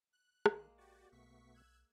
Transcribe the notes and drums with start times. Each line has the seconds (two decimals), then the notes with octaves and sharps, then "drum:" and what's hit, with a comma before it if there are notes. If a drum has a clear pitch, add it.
0.13 F#6
0.46 A#1 D#3 G#3 A#3, drum: rim click
0.78 F#4 G4 D5
1.12 B1 B2 A3 B3 C#6 B6
1.54 E6 F#6 G#6